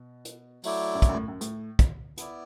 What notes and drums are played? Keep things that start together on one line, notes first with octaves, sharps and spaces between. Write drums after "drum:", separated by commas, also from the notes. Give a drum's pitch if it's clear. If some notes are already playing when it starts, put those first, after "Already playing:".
Already playing: B2
drum: hi-hat
F#3 A3 E4 D5, drum: open hi-hat
F#2
A2, drum: kick, hi-hat
F#2
A2
F#2
A2, drum: hi-hat
drum: kick, hi-hat
B3 E4 D5, drum: hi-hat